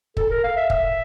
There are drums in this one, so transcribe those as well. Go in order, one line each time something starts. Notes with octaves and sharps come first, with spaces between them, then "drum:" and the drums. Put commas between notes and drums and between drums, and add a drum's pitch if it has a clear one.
A4, drum: kick
A#4
F5
E5
E5, drum: kick